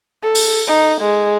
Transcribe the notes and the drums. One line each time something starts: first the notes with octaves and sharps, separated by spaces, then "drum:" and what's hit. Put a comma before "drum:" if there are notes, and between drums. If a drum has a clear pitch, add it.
A4
drum: open hi-hat
D#4
G#3